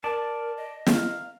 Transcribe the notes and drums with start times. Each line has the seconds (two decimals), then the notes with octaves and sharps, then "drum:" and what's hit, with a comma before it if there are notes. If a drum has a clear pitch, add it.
0.04 A#4 D5 A5
0.57 D#5
0.87 F5, drum: snare